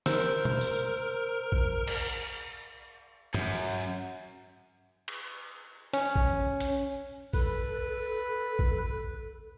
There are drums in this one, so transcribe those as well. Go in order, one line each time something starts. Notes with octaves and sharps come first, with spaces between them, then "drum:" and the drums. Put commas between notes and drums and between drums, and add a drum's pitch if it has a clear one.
A#4 C5 E6, drum: snare
drum: tom
drum: tambourine
drum: kick A#1
drum: cymbal
F#2, drum: tom G2
drum: cymbal
C#4, drum: hi-hat
drum: kick A#1
drum: hi-hat
A4 B4, drum: kick A#1
drum: kick A#1